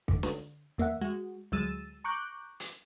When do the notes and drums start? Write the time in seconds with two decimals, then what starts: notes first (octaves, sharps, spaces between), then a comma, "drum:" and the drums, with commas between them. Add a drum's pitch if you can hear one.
0.08 D3, drum: kick
0.23 drum: snare
0.78 E2 A#3 E5 F#5
1.01 G#3 F#4
1.52 D2 F#3 G#3 E6 A6 D#7
2.04 A#5 C#6 D6 F#6 G6
2.60 drum: hi-hat